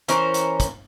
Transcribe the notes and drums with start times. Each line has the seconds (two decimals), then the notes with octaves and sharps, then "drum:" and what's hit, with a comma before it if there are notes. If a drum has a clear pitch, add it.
0.08 E3 C#4 A#4 C5, drum: hi-hat
0.34 drum: hi-hat
0.60 drum: kick, hi-hat